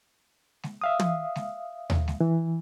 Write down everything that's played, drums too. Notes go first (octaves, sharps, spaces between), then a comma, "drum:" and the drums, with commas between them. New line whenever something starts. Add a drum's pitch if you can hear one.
drum: snare G#3
E5 F5 D#6
drum: tom
drum: snare G#3
drum: tom D#2
drum: snare G#3
E3